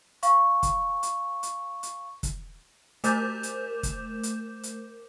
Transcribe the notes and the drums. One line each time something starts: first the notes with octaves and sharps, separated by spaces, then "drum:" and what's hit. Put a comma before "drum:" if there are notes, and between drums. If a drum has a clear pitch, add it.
F5 C#6, drum: hi-hat
drum: kick, hi-hat
drum: hi-hat
drum: hi-hat
drum: hi-hat
drum: kick, hi-hat
A3 A#4 C5 D6 G6 E7, drum: hi-hat
drum: hi-hat
drum: kick, hi-hat
drum: hi-hat
drum: hi-hat